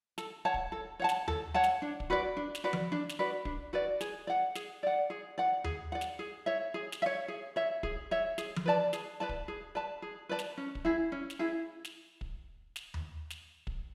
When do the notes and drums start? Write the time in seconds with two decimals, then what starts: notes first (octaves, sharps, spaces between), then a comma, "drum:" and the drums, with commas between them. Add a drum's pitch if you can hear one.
0.18 A4, drum: snare
0.45 C#5 F#5 A5
0.54 drum: kick
0.72 A4
0.99 C#5 F#5 A5
1.09 drum: snare
1.28 A4, drum: tom D#2
1.54 C#5 F#5 A5
1.64 drum: snare
1.82 D4
2.00 drum: kick
2.10 F#4 B4 D5
2.37 D4
2.55 drum: snare
2.64 F#4 B4 D5
2.73 drum: tom F3
2.92 D4
3.09 drum: snare
3.19 F#4 B4 D5
3.45 D4, drum: kick
3.73 F#4 B4 D5
4.01 G#4, drum: snare
4.27 D5 F#5
4.55 G#4, drum: snare
4.83 D5 F#5
5.10 G#4
5.38 D5 F#5
5.64 G#4, drum: tom D#2
5.92 D5 F#5
6.01 drum: snare
6.19 G#4
6.46 C#5 E5
6.74 G#4
6.92 drum: snare
7.02 E5
7.06 C#5
7.28 G#4
7.56 C#5 E5
7.83 G#4, drum: kick
8.11 C#5 E5
8.38 G#4, drum: snare
8.56 drum: tom F3
8.66 B4 D5 A5
8.93 G#4, drum: snare
9.20 B4 D5 A5
9.29 drum: kick
9.48 G#4
9.75 B4 D5 A5
10.02 G#4
10.29 B4 D5 A5
10.39 drum: snare
10.58 C#4
10.75 drum: kick
10.85 E4 G#4
11.12 C#4
11.30 drum: snare
11.39 E4 G#4
11.85 drum: snare
12.21 drum: kick
12.76 drum: snare
12.94 drum: tom D#2
13.30 drum: snare
13.67 drum: kick